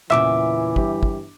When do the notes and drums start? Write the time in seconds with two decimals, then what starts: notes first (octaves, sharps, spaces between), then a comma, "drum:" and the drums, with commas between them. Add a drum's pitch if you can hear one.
0.11 E2 A#2 C#3 E3 E5 D6, drum: clap
0.76 G1 G4, drum: kick
1.03 drum: kick